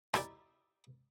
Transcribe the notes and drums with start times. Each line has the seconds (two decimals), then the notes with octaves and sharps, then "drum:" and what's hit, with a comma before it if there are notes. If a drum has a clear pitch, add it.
0.14 D#4 E4 G4 D5, drum: rim click